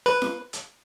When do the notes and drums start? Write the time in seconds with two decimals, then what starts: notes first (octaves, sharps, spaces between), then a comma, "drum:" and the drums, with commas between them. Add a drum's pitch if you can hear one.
0.06 B4
0.22 drum: snare
0.53 drum: hi-hat